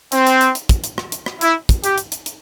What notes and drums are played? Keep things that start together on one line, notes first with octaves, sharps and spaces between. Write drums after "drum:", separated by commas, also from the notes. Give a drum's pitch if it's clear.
C4, drum: hi-hat
drum: hi-hat
drum: hi-hat
drum: hi-hat
drum: kick, hi-hat
drum: hi-hat
drum: rim click
drum: hi-hat
drum: rim click
E4, drum: hi-hat
drum: kick, hi-hat
G4, drum: hi-hat
drum: hi-hat
drum: hi-hat
drum: hi-hat